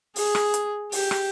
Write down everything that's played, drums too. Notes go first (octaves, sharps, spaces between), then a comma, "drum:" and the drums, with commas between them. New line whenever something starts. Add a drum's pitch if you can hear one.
G#4, drum: open hi-hat
drum: rim click
drum: hi-hat
G4, drum: open hi-hat
drum: rim click